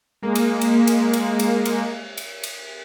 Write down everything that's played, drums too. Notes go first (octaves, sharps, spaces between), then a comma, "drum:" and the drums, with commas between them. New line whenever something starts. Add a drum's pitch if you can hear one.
G#3 A#3
drum: cymbal
drum: cymbal
drum: cymbal
drum: cymbal
drum: cymbal
drum: cymbal
drum: cymbal
drum: cymbal